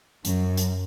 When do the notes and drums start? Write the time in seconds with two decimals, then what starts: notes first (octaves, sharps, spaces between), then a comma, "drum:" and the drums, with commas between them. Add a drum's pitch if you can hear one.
0.25 F#2, drum: hi-hat
0.57 drum: hi-hat